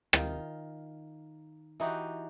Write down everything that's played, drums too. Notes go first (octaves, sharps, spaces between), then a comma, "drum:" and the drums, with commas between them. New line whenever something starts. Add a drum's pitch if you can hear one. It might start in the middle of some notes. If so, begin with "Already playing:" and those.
D#3 F4, drum: rim click
E3 D#4 F#4 G4